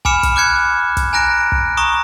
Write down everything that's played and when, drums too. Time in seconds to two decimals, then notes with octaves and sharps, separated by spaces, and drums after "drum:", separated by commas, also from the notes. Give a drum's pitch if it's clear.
0.05 G#5 B5 D6 F6 C#7 E7, drum: kick
0.23 drum: kick, hi-hat
0.36 D6 F#6 G#6 C#7
0.97 drum: kick, hi-hat
1.13 G#5 A#5 F#6 A#6 D7
1.52 drum: kick
1.77 A#5 C#6 D#6